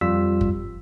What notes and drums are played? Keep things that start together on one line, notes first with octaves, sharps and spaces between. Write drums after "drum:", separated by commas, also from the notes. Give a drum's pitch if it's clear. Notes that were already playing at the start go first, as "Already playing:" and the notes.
F2 G3 F4 E6 B6
drum: kick